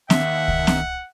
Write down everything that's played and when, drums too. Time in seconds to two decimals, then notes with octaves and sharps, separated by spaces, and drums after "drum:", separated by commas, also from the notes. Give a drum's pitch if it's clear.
0.10 D#2 E5 F#5, drum: snare
0.48 drum: kick C2
0.67 drum: snare